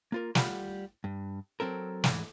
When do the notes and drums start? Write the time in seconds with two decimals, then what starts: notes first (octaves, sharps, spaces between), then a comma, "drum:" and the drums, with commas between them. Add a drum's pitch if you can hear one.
0.12 A#3 F4 A#4
0.35 G3 F4 F#5 B5, drum: snare
1.04 G2
1.60 F#3 C4 A4 A#4
2.04 E2 G#2 E3, drum: snare